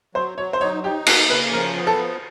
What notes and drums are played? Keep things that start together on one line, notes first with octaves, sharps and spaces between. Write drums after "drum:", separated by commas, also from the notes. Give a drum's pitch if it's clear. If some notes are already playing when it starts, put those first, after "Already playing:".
F#3 C5
F#3 C#5
C5
D#4 C#5
D#4 G4
A#3 F#4, drum: cymbal
C#3 B4
F3 A#4
B3
A4
F3